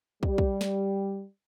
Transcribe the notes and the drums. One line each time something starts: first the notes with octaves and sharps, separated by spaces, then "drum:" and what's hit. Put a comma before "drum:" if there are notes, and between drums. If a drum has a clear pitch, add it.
G3, drum: kick
drum: kick
drum: snare